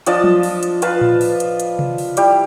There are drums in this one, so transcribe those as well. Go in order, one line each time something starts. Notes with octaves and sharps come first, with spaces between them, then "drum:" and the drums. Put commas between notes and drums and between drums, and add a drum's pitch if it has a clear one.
F3 D4 D#5 A5, drum: hi-hat
drum: tom F3
drum: open hi-hat
drum: hi-hat
F4 B4 F5 A5, drum: hi-hat
drum: tom A2
drum: open hi-hat
drum: hi-hat
drum: hi-hat
drum: tom C3
drum: open hi-hat
G3 E4 G4, drum: hi-hat